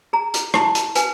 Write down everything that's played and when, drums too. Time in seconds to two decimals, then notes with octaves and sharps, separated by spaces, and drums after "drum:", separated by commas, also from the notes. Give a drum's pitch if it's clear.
0.13 G#4 A#5
0.34 drum: hi-hat
0.54 E4 A5, drum: rim click
0.75 drum: hi-hat
0.95 B4 G#5, drum: hi-hat